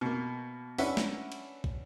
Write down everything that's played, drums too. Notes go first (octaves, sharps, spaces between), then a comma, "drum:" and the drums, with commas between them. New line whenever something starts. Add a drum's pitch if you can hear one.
B2 A#3
C#4 D4 B4 E5 F#5, drum: open hi-hat
drum: snare
drum: cymbal
drum: kick